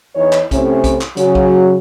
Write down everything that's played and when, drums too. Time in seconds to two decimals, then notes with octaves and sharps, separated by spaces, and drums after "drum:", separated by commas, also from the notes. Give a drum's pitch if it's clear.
0.15 E2 E3 D#4 C#5
0.33 drum: clap
0.51 A2 C3 C#4, drum: kick, hi-hat
0.84 drum: kick, hi-hat
1.01 drum: clap
1.17 C#3 F#3, drum: hi-hat
1.35 drum: kick